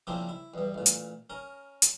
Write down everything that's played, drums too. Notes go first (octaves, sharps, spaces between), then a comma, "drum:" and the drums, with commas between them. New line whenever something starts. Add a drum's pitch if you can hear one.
C#3 F3 A#3 C4 D4 E4
E4
E2 G2
A1 A#2
drum: hi-hat
C#4 A#4
drum: hi-hat